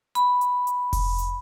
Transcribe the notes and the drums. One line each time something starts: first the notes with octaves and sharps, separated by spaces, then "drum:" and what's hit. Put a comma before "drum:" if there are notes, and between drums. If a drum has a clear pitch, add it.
B5, drum: hi-hat
drum: hi-hat
drum: hi-hat
drum: kick F1, open hi-hat
drum: hi-hat